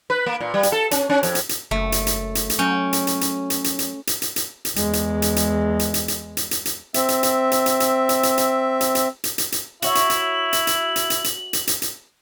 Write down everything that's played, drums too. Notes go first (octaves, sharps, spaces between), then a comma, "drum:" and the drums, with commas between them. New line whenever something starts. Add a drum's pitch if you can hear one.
B4
A#3
A#2
G3
drum: hi-hat
A4
C#4, drum: hi-hat
C#4
F2, drum: hi-hat
drum: hi-hat
drum: hi-hat
F#1 A3
drum: hi-hat
drum: hi-hat
drum: hi-hat
drum: hi-hat
F#3 C#4 G5
drum: hi-hat
drum: hi-hat
drum: hi-hat
drum: hi-hat
drum: hi-hat
drum: hi-hat
drum: hi-hat
drum: hi-hat
drum: hi-hat
drum: hi-hat
E2 G#3, drum: hi-hat
drum: hi-hat
drum: hi-hat
drum: hi-hat
drum: hi-hat
drum: hi-hat
drum: hi-hat
drum: hi-hat
drum: hi-hat
drum: hi-hat
C4 E5, drum: hi-hat
drum: hi-hat
drum: hi-hat
drum: hi-hat
drum: hi-hat
drum: hi-hat
drum: hi-hat
drum: hi-hat
drum: hi-hat
drum: hi-hat
drum: hi-hat
drum: hi-hat
drum: hi-hat
drum: hi-hat
E4 F#4 C#5 E5 F#7, drum: hi-hat
drum: hi-hat
drum: hi-hat
drum: hi-hat
drum: hi-hat
drum: hi-hat
drum: hi-hat
drum: hi-hat
drum: hi-hat
drum: hi-hat
drum: hi-hat